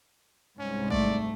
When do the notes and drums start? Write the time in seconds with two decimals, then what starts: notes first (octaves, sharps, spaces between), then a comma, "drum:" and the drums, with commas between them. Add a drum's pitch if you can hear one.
0.59 C2 G#2 C#4
0.90 A3 D5, drum: kick